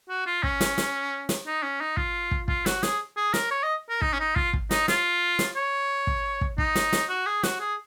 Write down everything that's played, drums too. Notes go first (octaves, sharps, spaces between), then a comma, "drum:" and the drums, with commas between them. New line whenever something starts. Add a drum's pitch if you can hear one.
F#4
F4
C#4, drum: kick
drum: snare
drum: snare
drum: snare
D#4
C#4
D#4
F4, drum: kick
drum: kick
F4, drum: kick
F#4, drum: snare
G#4, drum: snare
G#4
A#4, drum: snare
C#5
D#5
A#4
D#4, drum: kick
C#4
D#4
F4, drum: kick
drum: kick
D#4, drum: snare
F4, drum: snare
drum: snare
C#5
drum: kick
drum: kick
D#4, drum: kick
drum: snare
drum: snare
F#4
G#4
F#4, drum: snare
G#4